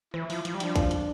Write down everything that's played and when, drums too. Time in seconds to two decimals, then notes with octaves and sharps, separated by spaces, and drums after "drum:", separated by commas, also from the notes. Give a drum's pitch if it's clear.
0.14 E3 E4, drum: rim click
0.30 F3, drum: open hi-hat
0.45 F3, drum: hi-hat
0.54 G3
0.60 F3 D4, drum: hi-hat
0.76 drum: kick B1, hi-hat
0.91 drum: hi-hat